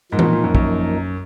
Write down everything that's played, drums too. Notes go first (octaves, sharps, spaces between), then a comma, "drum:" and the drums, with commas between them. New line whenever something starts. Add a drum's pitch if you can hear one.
G#2 F3 A#3 D#4 A#4
B2, drum: tom E3
A#2
A#2
F#2
F#2, drum: kick